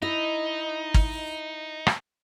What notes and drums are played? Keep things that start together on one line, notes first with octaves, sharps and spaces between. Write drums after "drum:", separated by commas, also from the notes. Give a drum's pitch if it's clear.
D#4 E4 D#5
drum: kick G#1
drum: rim click